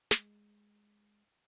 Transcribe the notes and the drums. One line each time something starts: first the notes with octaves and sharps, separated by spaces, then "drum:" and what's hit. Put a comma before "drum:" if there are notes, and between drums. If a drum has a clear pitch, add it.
G#3, drum: snare